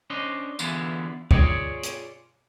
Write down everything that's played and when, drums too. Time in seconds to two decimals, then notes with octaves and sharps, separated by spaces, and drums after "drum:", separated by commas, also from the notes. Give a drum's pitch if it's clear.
0.10 C#4 D4 C5 D#5
0.59 D3 E3 B3 E4 F4 G#4, drum: tambourine
1.31 F4 G#4 C#5 D5, drum: kick
1.83 drum: hi-hat